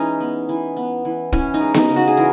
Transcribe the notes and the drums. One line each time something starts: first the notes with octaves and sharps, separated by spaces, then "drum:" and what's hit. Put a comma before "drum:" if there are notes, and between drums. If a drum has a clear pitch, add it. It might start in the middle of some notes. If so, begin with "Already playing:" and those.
Already playing: E3 G#3 C#4 D#4
B3
E3
B3
E3
E3 C#4, drum: kick
D#4
G#3
D#4, drum: snare B3
C#3
F#4
G#4
E3 A#4